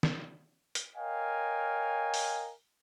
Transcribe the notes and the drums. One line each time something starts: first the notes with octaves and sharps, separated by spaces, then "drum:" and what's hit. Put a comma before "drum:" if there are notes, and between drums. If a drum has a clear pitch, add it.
drum: snare
drum: hi-hat
A#4 C#5 D#5 F5 G5 G#5
drum: open hi-hat